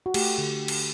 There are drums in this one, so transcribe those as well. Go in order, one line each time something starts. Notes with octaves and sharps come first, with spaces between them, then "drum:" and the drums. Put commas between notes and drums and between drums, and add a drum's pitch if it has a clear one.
F#4
A3 G4, drum: cymbal
D3
drum: cymbal